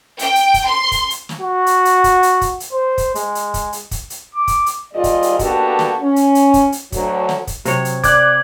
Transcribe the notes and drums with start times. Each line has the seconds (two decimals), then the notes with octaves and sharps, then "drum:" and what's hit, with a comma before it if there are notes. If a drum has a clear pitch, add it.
0.19 G5, drum: hi-hat
0.35 drum: hi-hat
0.54 drum: kick, hi-hat
0.66 C6
0.92 drum: kick, hi-hat
1.10 drum: hi-hat
1.29 drum: snare
1.41 F#4
1.67 drum: hi-hat
1.85 drum: hi-hat
2.04 drum: kick, hi-hat
2.23 drum: hi-hat
2.41 drum: kick, hi-hat
2.60 drum: hi-hat
2.72 C5
2.98 drum: kick, hi-hat
3.15 G#3, drum: hi-hat
3.35 drum: hi-hat
3.54 drum: kick, hi-hat
3.73 drum: hi-hat
3.91 drum: kick, hi-hat
4.10 drum: hi-hat
4.35 D6
4.48 drum: kick, hi-hat
4.66 drum: hi-hat
4.93 D#2 G#2 G3 F4 D5 D#5
5.04 drum: kick, hi-hat
5.23 drum: hi-hat
5.39 A#3 B3 D4 F#4 G4 A4, drum: kick, hi-hat
5.79 drum: snare
6.00 C#4
6.16 drum: hi-hat
6.35 drum: hi-hat
6.54 drum: kick, hi-hat
6.72 drum: hi-hat
6.92 D2 F#3, drum: kick, hi-hat
7.29 drum: snare
7.47 drum: kick, hi-hat
7.65 C3 F#3 C#5, drum: hi-hat
7.85 drum: hi-hat
8.04 D5 D6 F#6 G#6 F#7, drum: kick, hi-hat